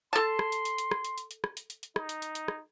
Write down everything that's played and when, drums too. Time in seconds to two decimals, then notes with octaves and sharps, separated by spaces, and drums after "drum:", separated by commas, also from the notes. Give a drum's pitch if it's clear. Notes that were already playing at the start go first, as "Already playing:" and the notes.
0.13 A4 A5 C6
0.39 drum: rim click
0.52 drum: hi-hat
0.65 drum: hi-hat
0.78 drum: hi-hat
0.91 drum: rim click
1.05 drum: hi-hat
1.18 drum: hi-hat
1.31 drum: hi-hat
1.44 drum: rim click
1.57 drum: hi-hat
1.70 drum: hi-hat
1.83 drum: hi-hat
1.96 D#4, drum: rim click
2.09 drum: hi-hat
2.22 drum: hi-hat
2.35 drum: hi-hat
2.48 drum: rim click